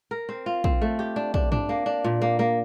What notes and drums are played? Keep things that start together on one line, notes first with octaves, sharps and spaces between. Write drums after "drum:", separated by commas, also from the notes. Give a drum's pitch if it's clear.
A#4
C4
F4
C4, drum: kick
A3
G4
D4
D4, drum: kick
D4, drum: tom
A#3
D4
A#2
A#3
A#3